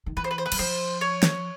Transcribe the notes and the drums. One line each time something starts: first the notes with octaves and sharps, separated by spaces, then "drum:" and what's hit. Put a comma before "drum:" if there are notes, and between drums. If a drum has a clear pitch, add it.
D#3
E3 B4
C5
B4
C5
B4
F#3, drum: cymbal
F3 C5
C#5
drum: snare